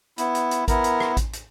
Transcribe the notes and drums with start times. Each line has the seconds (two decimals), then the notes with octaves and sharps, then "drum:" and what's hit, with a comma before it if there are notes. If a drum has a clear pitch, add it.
0.18 B3 E4, drum: hi-hat
0.35 drum: hi-hat
0.51 drum: hi-hat
0.68 B3 E4 A#4, drum: kick A1, hi-hat
0.84 drum: hi-hat
1.00 drum: rim click
1.17 drum: kick A1, hi-hat
1.33 drum: hi-hat